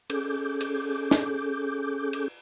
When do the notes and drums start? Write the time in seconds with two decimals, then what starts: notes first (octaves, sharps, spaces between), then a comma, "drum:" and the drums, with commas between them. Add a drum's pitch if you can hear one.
0.10 C#4 G#4 A4 D6 G6, drum: cymbal
0.60 drum: cymbal
1.11 drum: snare
2.13 drum: cymbal